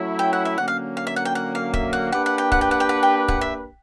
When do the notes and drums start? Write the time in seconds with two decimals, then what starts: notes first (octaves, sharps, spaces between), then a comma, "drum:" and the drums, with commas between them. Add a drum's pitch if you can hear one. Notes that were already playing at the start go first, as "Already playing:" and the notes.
Already playing: F#3 A3 C#4 E4
0.19 G5
0.33 F#5
0.45 E5
0.58 D3 F#3 A#3 C#4 F#5
0.68 F5
0.97 F5
1.07 E5
1.16 F#5
1.25 G5
1.35 F#5
1.55 F5
1.74 E5, drum: kick
1.93 F#5
2.12 A#3 D4 G4 B4 F#5
2.26 F#5
2.38 G5
2.52 F#5, drum: kick
2.61 G5
2.71 F#5
2.80 G5
2.89 F#5
3.03 G5
3.28 F#5, drum: kick
3.41 E5